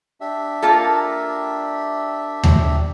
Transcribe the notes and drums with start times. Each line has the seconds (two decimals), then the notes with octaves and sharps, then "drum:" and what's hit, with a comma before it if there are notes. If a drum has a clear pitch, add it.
0.21 D4 G4 E5
0.62 A#3 F4 A4
2.44 drum: tom D#2